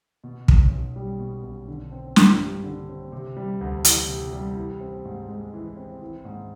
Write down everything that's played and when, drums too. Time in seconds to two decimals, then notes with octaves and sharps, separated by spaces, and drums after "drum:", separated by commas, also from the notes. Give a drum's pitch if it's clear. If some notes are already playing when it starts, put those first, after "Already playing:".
0.24 B2
0.48 B1, drum: kick
0.72 B1
0.96 G3
1.19 B2
1.43 B1
1.68 D3
1.92 C4
2.16 G2, drum: snare
2.40 G3
2.64 D3
2.89 C4
3.12 C3
3.37 G3
3.61 D2
3.85 E3, drum: hi-hat
4.09 C3
4.33 G3
4.56 E3
4.80 C4
5.05 G#2
5.29 G#3
5.54 E3
5.77 C4
6.02 E3
6.25 G#2